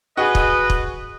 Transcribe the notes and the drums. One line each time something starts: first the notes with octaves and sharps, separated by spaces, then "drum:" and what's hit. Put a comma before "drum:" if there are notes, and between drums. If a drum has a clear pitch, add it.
F#4 G#4 B4 D#5
drum: kick
drum: kick